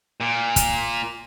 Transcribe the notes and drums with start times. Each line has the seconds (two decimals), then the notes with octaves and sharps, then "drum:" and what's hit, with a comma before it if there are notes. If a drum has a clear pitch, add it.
0.20 A#2
0.56 drum: kick, hi-hat